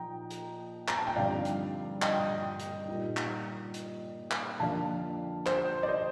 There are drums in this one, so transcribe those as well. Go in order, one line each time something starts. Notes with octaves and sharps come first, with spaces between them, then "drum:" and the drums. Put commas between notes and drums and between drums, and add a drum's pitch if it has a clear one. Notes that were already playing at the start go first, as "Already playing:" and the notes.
Already playing: A#2 F3 D#4 G5 A#5
drum: hi-hat
A#5, drum: clap
A5
G5
G2 D3 F3 C4 D#4 D5 F5
drum: hi-hat
D#5 G5, drum: clap
drum: hi-hat
A#2 G3 A#3 D#4
drum: clap
drum: hi-hat
drum: clap
F2 D3 F3 A#3 D4 F5 A5
C5, drum: clap
D5
C5 D#5